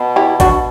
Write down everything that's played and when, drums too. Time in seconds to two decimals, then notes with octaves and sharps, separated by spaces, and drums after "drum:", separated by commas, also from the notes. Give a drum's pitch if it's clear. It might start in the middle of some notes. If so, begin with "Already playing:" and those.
Already playing: B2
0.16 E4 G4
0.40 D4 F#4, drum: kick G#1, hi-hat